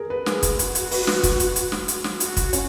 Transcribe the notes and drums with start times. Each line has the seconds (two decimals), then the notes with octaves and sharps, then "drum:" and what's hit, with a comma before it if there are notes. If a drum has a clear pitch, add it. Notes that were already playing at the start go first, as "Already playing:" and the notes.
Already playing: G#4 A#4
0.10 B4
0.26 G#4, drum: snare
0.43 drum: kick, hi-hat
0.59 F#4, drum: hi-hat
0.75 drum: hi-hat
0.91 B4, drum: open hi-hat
1.07 drum: snare
1.23 drum: kick, hi-hat
1.40 drum: hi-hat
1.56 drum: hi-hat
1.72 drum: snare
1.88 drum: hi-hat
2.04 drum: snare
2.20 F#4, drum: hi-hat
2.37 drum: kick, hi-hat
2.53 C#4, drum: hi-hat